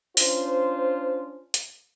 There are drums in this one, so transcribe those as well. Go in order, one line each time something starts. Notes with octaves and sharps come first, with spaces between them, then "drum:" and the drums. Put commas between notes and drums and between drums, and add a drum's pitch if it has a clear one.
C#4 D4 F4 C5, drum: open hi-hat
drum: hi-hat